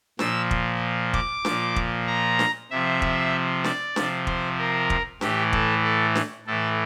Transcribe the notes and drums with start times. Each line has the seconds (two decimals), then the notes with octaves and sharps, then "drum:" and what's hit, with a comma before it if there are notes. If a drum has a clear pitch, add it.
0.19 A#2 F3 E6, drum: snare D4
0.51 drum: kick
1.14 D6, drum: kick
1.45 A#2 F3, drum: snare D4
1.76 drum: kick
2.07 A#5
2.39 drum: snare D4
2.71 C3 F3 E5
3.02 drum: kick
3.64 D5, drum: snare D4
3.96 C3 F3, drum: snare D4
4.27 C5, drum: kick
4.59 A#4
4.90 drum: kick
5.21 A2 E3 G4, drum: snare D4
5.53 A4, drum: kick
5.84 A4
6.15 drum: snare D4
6.47 A2 E3 A4